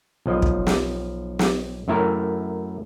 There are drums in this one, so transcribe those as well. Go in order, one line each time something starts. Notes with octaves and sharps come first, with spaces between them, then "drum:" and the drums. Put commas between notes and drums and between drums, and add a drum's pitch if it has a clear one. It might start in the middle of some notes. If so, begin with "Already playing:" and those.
B1 F3 D#5
drum: kick
drum: snare
drum: snare
F#2 A3 E4 A#4 A#5